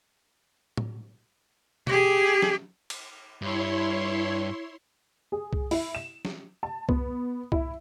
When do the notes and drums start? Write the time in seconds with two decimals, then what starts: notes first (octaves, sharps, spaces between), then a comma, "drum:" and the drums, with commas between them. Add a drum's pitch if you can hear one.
0.77 drum: tom A2
1.87 G4 G#4, drum: tom B2
2.42 drum: snare
2.90 drum: cymbal
3.42 G2 E4 C#5 C6
5.32 G#4
5.53 drum: kick C2
5.71 E4, drum: open hi-hat
5.95 E7
6.25 drum: snare
6.63 A5
6.89 B3, drum: kick C2
7.52 E4, drum: kick C2